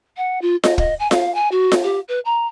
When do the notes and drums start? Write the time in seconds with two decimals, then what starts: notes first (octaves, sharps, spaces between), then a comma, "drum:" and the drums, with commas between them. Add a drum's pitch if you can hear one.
0.16 F#5
0.41 F4
0.64 D#5, drum: snare F4
0.78 D#5, drum: kick
0.99 G#5
1.11 F5, drum: snare F4
1.34 G#5
1.51 F#4
1.72 drum: snare F4
1.83 G4
2.08 B4
2.25 A#5